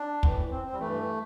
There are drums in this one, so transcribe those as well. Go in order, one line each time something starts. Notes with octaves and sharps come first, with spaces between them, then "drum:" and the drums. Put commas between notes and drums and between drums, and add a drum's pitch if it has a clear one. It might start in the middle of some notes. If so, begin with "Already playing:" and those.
Already playing: D4
A2 E3, drum: kick
C4
C4
G3
G2 E3 A3